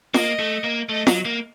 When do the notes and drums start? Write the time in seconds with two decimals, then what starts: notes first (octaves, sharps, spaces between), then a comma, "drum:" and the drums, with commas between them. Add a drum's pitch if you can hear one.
0.14 A#3 D#5, drum: snare F4
0.39 A3
0.64 A#3
0.89 A3 D#5
1.07 F#3, drum: snare F4
1.25 A#3